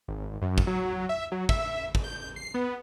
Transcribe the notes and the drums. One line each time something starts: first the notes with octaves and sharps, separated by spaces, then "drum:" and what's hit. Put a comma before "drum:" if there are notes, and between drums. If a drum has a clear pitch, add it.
G#1
F#2
drum: kick
F#3
E5
F#3
E5, drum: kick
drum: kick
G6
C7
B3